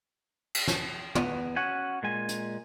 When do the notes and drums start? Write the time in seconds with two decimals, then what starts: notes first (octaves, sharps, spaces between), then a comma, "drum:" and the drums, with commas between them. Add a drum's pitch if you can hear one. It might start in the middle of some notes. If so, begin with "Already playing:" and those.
0.54 drum: cymbal
0.68 drum: snare
1.15 E2 B3, drum: tom
1.56 C#4 F#4 F#5 G#5
2.03 A#2 G#3 G#5
2.28 drum: hi-hat